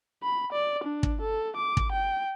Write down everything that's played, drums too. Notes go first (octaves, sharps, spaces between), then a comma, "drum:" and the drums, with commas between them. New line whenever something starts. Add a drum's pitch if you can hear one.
B5
D5
D4
drum: kick
A4
D6
drum: kick
G5